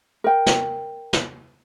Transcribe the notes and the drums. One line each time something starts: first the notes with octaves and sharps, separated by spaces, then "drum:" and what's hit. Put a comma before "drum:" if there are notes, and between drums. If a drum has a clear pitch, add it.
A#4 G5
drum: snare
drum: snare